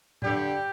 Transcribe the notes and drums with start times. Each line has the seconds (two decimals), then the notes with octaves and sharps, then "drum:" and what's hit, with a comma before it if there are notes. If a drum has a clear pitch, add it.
0.22 G2 D3 G3 G4, drum: tom A2